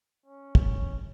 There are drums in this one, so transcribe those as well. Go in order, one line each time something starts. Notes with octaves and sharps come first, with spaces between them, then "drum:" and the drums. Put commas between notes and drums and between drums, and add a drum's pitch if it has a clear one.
C#4
drum: kick